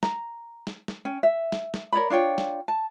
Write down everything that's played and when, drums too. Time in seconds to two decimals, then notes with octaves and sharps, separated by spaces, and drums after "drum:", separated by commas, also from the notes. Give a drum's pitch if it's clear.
0.03 A#5, drum: snare
0.67 drum: snare
0.88 drum: snare
1.05 C#4 G5
1.23 E5
1.52 drum: snare
1.74 drum: snare
1.93 A#4 C#5 D5 B5
2.10 D4 F4 C#5 G5
2.38 drum: snare
2.68 A5